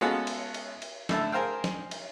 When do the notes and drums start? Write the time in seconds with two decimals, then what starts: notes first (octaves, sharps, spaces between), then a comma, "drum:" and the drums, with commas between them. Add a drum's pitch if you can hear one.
0.01 G#3 B3 C#4 F4 F#4 A4
0.27 drum: cymbal
0.54 drum: cymbal
0.82 drum: cymbal
1.09 A2 D3 E4 E5 A5, drum: snare
1.32 G#4 A#4 C5 F5 G5
1.64 drum: snare
1.91 drum: cymbal